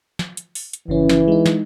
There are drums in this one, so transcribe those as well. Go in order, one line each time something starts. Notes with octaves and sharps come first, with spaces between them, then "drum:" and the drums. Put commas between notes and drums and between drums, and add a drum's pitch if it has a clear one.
drum: snare
drum: hi-hat
drum: open hi-hat
drum: hi-hat
G1 C#3 E3 C#4
drum: snare
G#3 D#4
drum: snare